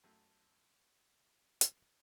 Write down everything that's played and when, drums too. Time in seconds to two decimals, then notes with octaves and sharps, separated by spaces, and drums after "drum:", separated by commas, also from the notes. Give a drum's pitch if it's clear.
0.04 F#2 A3
1.61 drum: hi-hat